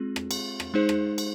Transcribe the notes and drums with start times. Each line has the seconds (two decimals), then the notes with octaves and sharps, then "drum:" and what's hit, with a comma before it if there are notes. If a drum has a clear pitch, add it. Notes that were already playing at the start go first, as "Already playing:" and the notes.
Already playing: G#3 C4 F4 G#4
0.16 drum: rim click
0.31 drum: cymbal
0.60 drum: rim click
0.74 G#3 D#4 G#4 C5
0.89 drum: rim click
1.18 drum: cymbal